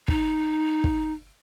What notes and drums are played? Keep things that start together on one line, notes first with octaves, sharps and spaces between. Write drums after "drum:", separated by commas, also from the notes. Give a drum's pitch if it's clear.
D#4, drum: kick
drum: kick